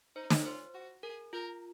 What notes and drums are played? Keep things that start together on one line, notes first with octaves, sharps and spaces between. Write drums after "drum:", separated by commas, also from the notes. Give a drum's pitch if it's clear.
D#4 C5
C#5, drum: snare
F4 C5
F#4
G#4 A#4
F4 A#4